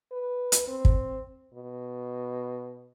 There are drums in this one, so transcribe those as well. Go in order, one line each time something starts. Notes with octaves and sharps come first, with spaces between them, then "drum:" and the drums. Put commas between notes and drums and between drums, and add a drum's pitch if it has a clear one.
B4
drum: hi-hat
C4
drum: kick
B2